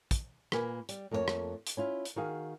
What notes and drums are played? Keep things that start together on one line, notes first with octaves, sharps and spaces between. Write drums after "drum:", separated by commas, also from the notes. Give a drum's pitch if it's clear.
drum: kick, hi-hat
A#2 A#3 B4 G#5, drum: rim click
G3, drum: hi-hat
F2 A3 A#3 F#4 C#5
drum: rim click
drum: hi-hat
C#4 E4 F4
drum: hi-hat
D#3 F#4 G#4 F5